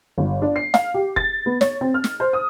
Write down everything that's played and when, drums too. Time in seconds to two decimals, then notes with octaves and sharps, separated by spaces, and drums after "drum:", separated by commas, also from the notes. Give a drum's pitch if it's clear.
0.18 G1
0.42 D4
0.56 C7
0.74 F5, drum: snare
0.94 G4
1.16 A6, drum: kick F#1
1.46 B3
1.61 C#5, drum: snare
1.81 C4
1.94 F6
2.04 drum: snare
2.20 C5
2.33 D#6